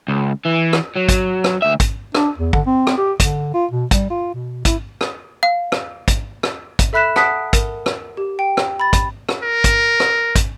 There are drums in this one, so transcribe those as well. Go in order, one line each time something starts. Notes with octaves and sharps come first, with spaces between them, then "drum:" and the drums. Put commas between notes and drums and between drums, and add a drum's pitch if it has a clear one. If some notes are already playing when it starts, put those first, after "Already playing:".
C#2
E3
drum: rim click
F#3
drum: kick, hi-hat
drum: rim click
D2 E5
drum: kick, hi-hat
D4, drum: rim click
E2
D3, drum: kick
C4
drum: rim click
G4
D3, drum: kick, hi-hat
F4
B2
G3, drum: kick, hi-hat
F4
B2
E4, drum: kick, hi-hat
drum: rim click
F5
drum: rim click
drum: kick, hi-hat
drum: rim click
drum: kick, hi-hat
A4 E5 B5 F#6 B6 E7
F#5 A5 D#6 F#6 B6, drum: rim click
A#4, drum: kick, hi-hat
drum: rim click
G4
G5
drum: rim click
B5 A6
drum: kick, hi-hat
drum: rim click
A#4
drum: kick, hi-hat
drum: rim click
drum: kick, hi-hat